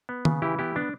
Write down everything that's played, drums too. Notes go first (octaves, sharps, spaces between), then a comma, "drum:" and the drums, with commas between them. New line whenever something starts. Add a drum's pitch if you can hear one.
B3
C#3, drum: tom D#3
E3 E4 G4
B3 E4 G4
B3 D4